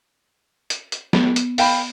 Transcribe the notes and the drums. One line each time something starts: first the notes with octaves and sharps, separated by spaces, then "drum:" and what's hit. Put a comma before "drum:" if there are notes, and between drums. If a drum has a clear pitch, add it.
drum: hi-hat
drum: hi-hat
B3, drum: snare
drum: hi-hat
F5 G5 B5, drum: open hi-hat